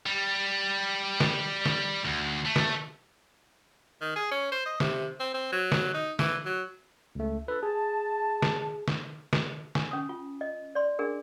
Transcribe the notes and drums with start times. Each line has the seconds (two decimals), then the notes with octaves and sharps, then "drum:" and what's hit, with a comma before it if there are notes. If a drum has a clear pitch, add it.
0.06 G3
1.20 drum: snare
1.66 drum: snare
2.05 D2
2.45 A3
2.56 drum: snare
4.01 D#3
4.16 G#4
4.31 C#4
4.52 C5
4.66 D#5
4.80 C3, drum: snare
5.20 C4
5.34 C4
5.52 F#3
5.72 drum: snare
5.94 D#4
6.19 E3, drum: snare
6.46 F#3
7.15 C#2 A3
7.48 D4 F4 A4 B4
7.63 G#4 A5
8.42 drum: snare
8.88 drum: snare
9.33 drum: snare
9.75 G#5, drum: snare
9.91 C#4 D#6
10.09 F4
10.41 D#5
10.75 D5 C6
10.99 D4 G#4 A#4